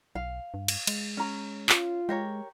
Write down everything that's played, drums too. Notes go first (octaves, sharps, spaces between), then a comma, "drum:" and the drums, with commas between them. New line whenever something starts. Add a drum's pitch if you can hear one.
B1 F5
G2
drum: cymbal
G#3, drum: cymbal
C#4 A#5
F4, drum: clap
G#3 G4 A#4 C#5